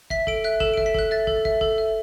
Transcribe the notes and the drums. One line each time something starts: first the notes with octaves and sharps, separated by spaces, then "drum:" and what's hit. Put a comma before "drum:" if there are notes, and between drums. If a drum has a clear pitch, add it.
E5 B6, drum: kick
A4 D7, drum: kick
E5 F#6
A4 E7, drum: kick
D7
E5, drum: kick
B6
A4 F#6, drum: kick
E5 A6
A4, drum: kick
E5, drum: kick
A4, drum: kick
E5